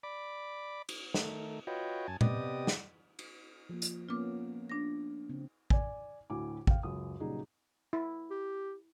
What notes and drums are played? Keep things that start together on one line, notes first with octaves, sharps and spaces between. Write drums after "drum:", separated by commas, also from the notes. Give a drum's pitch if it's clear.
D5 B5 D6
drum: cymbal
D#3 A3, drum: snare
F4 F#4 B4 C#5 D#5 G5
F#2 G#5 A5
C3 B3 G4 D5 D#5 D#6, drum: tom A#2
drum: snare
drum: cymbal
F3 A#3
drum: hi-hat
A#3 B3 C#4 F4 D6
D4 A#6
C#3 C4
D5 G#5, drum: kick
D2 A2 E4 F#4 G#5 D6
F5 G5, drum: kick
C#2 F#2 D#6
A#2 C#3 F#3 G3 D#4 G#4
E4
G4